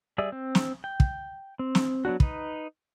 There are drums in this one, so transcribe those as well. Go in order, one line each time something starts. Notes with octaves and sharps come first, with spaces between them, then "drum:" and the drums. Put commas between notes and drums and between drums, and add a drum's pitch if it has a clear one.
G3 G#4 D5 E5 E6
C4
drum: snare
G5
drum: kick
C4
drum: snare
F#3 B3 D4 F#4
D#4 B4, drum: kick